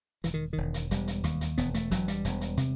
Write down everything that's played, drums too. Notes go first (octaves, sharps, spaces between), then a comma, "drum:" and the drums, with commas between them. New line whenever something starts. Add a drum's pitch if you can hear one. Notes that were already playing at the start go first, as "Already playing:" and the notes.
E1 E3, drum: hi-hat
D#3
E1 D#3
drum: hi-hat
E1 G3, drum: hi-hat
drum: hi-hat
D#2, drum: hi-hat
drum: hi-hat
E1 B3, drum: hi-hat
A3, drum: hi-hat
E1 F#3, drum: hi-hat
G3, drum: hi-hat
E1, drum: hi-hat
drum: hi-hat
C3, drum: hi-hat